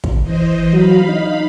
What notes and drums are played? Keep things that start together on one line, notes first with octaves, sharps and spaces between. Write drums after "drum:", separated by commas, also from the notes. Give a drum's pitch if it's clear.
drum: kick
E3 C5 D#5
F#3 F5 B5
D#4